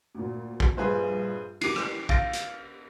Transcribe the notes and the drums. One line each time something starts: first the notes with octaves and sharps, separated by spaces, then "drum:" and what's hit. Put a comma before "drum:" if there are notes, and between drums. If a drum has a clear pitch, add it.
D2 A#2
drum: kick
A#1 G2 G#4 B4 C5
E3 A#3 G4 D6 C7, drum: cymbal
drum: rim click
F5 E6 G6 A6 A#6 D7, drum: kick
drum: hi-hat